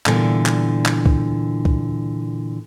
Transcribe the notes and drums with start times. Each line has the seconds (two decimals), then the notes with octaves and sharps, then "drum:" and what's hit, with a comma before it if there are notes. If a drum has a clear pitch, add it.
0.06 A#2 D3 E3 G3 B3, drum: clap
0.46 drum: clap
0.86 drum: clap
1.06 drum: kick
1.65 drum: kick